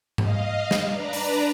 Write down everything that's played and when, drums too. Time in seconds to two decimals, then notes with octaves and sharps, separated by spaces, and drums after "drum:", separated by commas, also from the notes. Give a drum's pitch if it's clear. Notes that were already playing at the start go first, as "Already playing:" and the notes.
0.18 D#5 F5, drum: tom G#2
0.71 drum: snare
0.87 D4 B4 D5 A#5
1.13 drum: open hi-hat